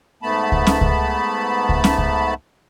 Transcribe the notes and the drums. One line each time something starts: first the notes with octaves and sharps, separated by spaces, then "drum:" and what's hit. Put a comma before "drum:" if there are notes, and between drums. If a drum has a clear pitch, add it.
G#2 A3 B3 A5 B5
drum: kick C#2
drum: snare
drum: kick C#2
drum: kick C#2
drum: snare
drum: kick C#2